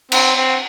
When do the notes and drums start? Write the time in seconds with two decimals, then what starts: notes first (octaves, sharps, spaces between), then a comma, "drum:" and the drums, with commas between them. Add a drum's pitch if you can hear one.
0.12 C4, drum: cymbal
0.36 C4